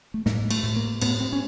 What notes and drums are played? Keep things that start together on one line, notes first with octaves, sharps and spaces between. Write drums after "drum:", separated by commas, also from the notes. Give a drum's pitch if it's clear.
A3
A2 A#3, drum: snare
A3, drum: cymbal
A2
A#3
A2 B3, drum: cymbal
C4
C#4